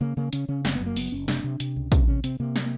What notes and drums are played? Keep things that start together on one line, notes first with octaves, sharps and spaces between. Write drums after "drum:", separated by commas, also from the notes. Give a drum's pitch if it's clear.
C#3 A#3
C#3 A#3
C#3 C#4, drum: hi-hat
C#3 C#4
F#1 C4, drum: snare
B3
F#2
A#3
F#1 B3, drum: open hi-hat
F#1 C#4
C3 D4, drum: snare
C3
C3, drum: hi-hat
C#2
C3 C#4, drum: kick, hi-hat
C3 C#4
C3 C4, drum: hi-hat
C3 A#3
drum: snare